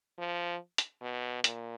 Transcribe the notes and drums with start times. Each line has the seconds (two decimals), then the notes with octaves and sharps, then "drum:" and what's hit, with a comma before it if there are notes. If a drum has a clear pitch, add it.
0.19 F3
0.78 drum: hi-hat
1.02 B2
1.44 A#2, drum: hi-hat